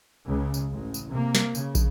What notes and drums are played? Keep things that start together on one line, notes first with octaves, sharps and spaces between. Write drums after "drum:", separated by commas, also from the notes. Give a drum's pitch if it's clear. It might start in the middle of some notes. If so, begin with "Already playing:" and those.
C#2 C#3
drum: tambourine
A1
drum: tambourine
C3 A#3
drum: snare
C#3, drum: tambourine
drum: kick, tambourine